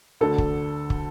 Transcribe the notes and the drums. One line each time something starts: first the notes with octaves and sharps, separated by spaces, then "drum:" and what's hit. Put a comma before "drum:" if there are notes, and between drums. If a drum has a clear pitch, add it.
D2 D3 A4
drum: kick
drum: kick